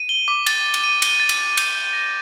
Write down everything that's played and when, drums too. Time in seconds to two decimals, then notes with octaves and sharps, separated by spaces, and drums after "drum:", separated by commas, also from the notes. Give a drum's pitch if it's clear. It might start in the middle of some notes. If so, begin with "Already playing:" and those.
Already playing: D#7
0.09 G7
0.28 D6
0.46 A6, drum: cymbal
0.64 A6
0.74 drum: cymbal
0.84 D#7
1.02 G7, drum: cymbal
1.20 A6
1.29 drum: cymbal
1.39 A6
1.57 G6, drum: cymbal
1.75 G6
1.93 A#6